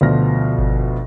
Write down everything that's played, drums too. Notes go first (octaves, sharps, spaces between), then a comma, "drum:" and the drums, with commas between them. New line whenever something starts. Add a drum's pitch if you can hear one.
D2 B2 F3 F6 A#6
drum: kick G1